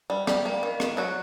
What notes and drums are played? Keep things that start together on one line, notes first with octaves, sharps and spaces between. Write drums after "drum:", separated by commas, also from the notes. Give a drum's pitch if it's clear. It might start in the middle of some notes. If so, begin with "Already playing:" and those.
G3
G3 G4, drum: rim click
A#3
D#3
D#3, drum: rim click
F#3 F#4